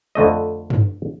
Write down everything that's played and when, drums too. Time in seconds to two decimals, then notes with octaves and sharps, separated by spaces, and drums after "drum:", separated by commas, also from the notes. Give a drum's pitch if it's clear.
0.15 F2 D3 A3 D#5
0.70 drum: tom G2